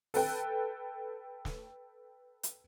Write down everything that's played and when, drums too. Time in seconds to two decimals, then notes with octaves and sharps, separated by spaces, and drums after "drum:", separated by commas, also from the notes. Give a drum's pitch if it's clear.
0.14 A4 B4 G5, drum: open hi-hat
1.45 drum: snare
2.43 drum: hi-hat